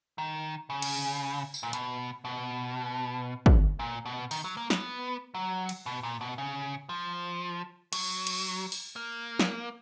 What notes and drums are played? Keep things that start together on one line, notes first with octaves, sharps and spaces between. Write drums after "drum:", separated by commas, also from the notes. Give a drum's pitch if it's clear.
D#3
C#3
drum: cymbal
drum: tambourine
A#2
B2, drum: hi-hat
B2
drum: kick
A#2
B2
D#3, drum: open hi-hat
F#3
A#3
B3, drum: snare
F#3
drum: cymbal
B2
A#2
B2
C#3
F3
F#3, drum: cymbal
drum: cymbal
drum: open hi-hat
A#3
drum: snare